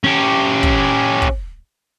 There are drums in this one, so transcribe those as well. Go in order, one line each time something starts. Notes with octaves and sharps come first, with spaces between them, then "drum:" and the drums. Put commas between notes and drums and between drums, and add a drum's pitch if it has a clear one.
C#4 G4
drum: kick
drum: kick